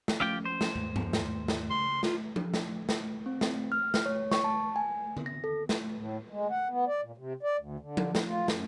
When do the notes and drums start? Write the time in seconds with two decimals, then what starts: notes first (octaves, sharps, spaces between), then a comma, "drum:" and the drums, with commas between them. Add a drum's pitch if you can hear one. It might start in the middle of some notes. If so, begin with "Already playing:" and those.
0.08 drum: snare
0.21 F3 C#4 F4 G4 G5
0.45 C5
0.61 drum: snare
0.75 D#2 G#2 G#3
0.96 drum: tom G2
1.13 drum: snare
1.48 drum: snare
1.70 C#3 C6
2.03 F4, drum: snare
2.36 drum: tom F3
2.54 drum: snare
2.89 drum: snare
3.26 C4
3.41 drum: snare
3.72 F6
3.94 drum: snare
4.06 C#5
4.31 C#6, drum: snare
4.44 A5
4.76 G#5
5.17 drum: tom D3
5.26 A#6
5.44 A4
5.69 drum: snare
5.96 A2
6.30 G#3
6.50 F#5
6.68 B3
6.87 D5
7.02 A#2
7.18 C3
7.43 D5
7.58 D2
7.80 D3
7.97 drum: tom F3
8.15 drum: snare
8.25 F4
8.48 F#2, drum: snare